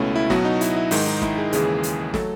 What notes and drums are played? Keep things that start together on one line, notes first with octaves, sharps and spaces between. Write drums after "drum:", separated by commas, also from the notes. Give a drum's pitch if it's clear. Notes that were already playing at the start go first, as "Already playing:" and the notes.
Already playing: C#2 B2 A3 C#4 E4
E4
B2 F#3 B3 F#4, drum: snare
D#4
E4, drum: hi-hat
E4
G#2 D#3 G#3 D#4, drum: open hi-hat
D#4
E4, drum: snare
G#4
D#2 C#3 E3 G#3 G#4, drum: hi-hat
drum: hi-hat
F#3 A3 A4, drum: snare